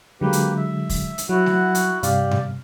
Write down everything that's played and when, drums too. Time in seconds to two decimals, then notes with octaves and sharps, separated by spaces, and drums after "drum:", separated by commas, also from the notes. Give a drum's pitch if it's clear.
0.21 D3 F#3 G#3 A#3 G4 B4
0.33 drum: hi-hat
0.57 E5
0.89 drum: kick, open hi-hat
1.18 drum: hi-hat
1.29 F#3 E4 F#4 F#5
1.46 drum: snare A3
1.75 drum: hi-hat
2.03 G2 C3 G4 D5 F5, drum: hi-hat
2.31 drum: tom G2